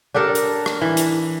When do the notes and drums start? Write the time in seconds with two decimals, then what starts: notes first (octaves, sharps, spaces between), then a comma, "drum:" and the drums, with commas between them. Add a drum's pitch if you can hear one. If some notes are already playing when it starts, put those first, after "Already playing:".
0.14 D4 G4 A4 A#4
0.35 drum: hi-hat
0.66 drum: rim click
0.82 E3
0.97 drum: hi-hat